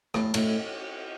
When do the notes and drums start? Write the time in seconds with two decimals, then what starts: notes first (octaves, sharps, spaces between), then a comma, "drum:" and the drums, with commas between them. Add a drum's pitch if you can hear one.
0.14 A2, drum: rim click
0.34 A2, drum: cymbal